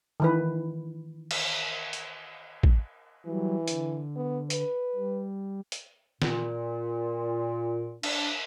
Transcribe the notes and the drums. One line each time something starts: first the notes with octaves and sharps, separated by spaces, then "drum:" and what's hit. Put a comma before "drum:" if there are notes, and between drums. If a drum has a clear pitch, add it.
D#3 E3 B4
drum: cymbal
drum: hi-hat
drum: kick
E3 F#3 G3
D3, drum: hi-hat
B3
B4, drum: hi-hat
G3
drum: hi-hat
A#2, drum: snare
D4, drum: cymbal